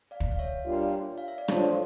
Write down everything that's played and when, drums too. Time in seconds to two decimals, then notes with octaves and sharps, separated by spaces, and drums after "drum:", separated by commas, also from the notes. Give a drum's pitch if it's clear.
0.11 D5 F5
0.20 drum: kick
0.31 F5
0.39 C#5 E5
0.66 A#2 G3 D4 F4
1.18 F5
1.28 E5
1.38 D5
1.48 A2 F3 A3 D4 F4 A4 C#5, drum: rim click